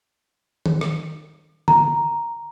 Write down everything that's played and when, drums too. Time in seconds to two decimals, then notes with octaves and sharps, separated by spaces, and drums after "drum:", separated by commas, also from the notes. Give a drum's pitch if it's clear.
0.66 drum: tom D#3
0.81 drum: rim click
1.68 A#5, drum: tom D3